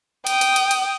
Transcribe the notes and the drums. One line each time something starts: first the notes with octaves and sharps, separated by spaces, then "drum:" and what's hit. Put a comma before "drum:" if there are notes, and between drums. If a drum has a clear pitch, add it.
G5 D#6, drum: cymbal
drum: cymbal
drum: cymbal
drum: cymbal